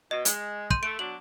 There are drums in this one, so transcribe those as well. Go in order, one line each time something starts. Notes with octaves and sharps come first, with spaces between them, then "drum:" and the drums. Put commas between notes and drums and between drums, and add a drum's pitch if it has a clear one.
B2 D#5
G#3, drum: hi-hat
C6 G6 D#7, drum: kick
A3 D7
B2 F#3 D4 F#7